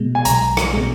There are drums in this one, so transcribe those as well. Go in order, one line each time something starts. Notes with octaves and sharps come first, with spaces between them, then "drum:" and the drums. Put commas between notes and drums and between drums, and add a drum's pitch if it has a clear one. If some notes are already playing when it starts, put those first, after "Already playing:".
Already playing: B2 G#3
G#5
B1 A#5, drum: hi-hat
drum: rim click
B2 G#3